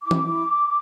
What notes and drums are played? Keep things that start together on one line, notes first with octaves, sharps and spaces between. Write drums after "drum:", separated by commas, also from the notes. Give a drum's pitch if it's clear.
E4 D6
drum: tom E3
E4